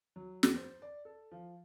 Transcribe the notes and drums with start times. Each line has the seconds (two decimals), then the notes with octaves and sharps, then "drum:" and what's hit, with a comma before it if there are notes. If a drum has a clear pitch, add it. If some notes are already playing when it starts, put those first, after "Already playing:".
0.16 F#3
0.43 F2, drum: snare
0.56 C5
0.82 D5
1.05 A4
1.31 F3